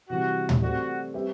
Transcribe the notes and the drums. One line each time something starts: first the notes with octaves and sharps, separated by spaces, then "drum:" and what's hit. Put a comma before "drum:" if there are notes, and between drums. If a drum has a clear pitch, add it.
C3 E3 G3 F#4
drum: tom
A3 C4 F#4 G4 D5
G3 C4 G4 B4 E5